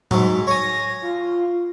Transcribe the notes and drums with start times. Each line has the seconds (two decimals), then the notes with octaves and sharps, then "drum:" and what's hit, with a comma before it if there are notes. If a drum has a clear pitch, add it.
0.11 G#2 F#3, drum: tom A2
0.47 C#5 G#5 A#6
1.02 F4